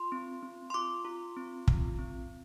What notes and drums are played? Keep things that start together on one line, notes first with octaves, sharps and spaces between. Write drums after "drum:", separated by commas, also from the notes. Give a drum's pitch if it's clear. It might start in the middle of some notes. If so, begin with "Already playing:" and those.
Already playing: F4 C6
C4
C4
C6
F4 D6
F4
C4
F4, drum: kick
C4